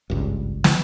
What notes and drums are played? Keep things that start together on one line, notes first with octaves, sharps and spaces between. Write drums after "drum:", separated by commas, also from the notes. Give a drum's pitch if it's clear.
G#1 C#2 G2
drum: snare